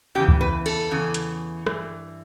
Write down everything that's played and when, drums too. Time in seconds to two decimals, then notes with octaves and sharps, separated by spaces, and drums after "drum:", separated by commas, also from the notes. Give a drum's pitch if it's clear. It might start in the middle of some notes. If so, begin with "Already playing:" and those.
0.15 E2 C#3 E3 G4
0.28 drum: kick C#2
0.41 B4
0.66 A4, drum: cymbal
0.91 E2 C#3 E3
1.14 drum: hi-hat
1.67 G2 E3, drum: rim click